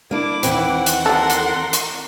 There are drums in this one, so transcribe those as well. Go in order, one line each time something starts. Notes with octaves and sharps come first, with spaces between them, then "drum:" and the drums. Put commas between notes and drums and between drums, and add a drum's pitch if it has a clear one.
A#3 D4 E4 D6
D#2 E3 C4 F#5, drum: hi-hat
drum: hi-hat
G3 A3 A4 A#4 C6
drum: hi-hat
drum: hi-hat